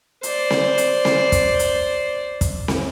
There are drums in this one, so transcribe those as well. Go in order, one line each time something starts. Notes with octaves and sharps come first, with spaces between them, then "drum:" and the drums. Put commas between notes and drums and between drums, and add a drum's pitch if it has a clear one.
C5 D5, drum: hi-hat
drum: snare C4
drum: hi-hat
drum: snare C4
drum: kick, hi-hat
drum: hi-hat
drum: kick, hi-hat
drum: snare C4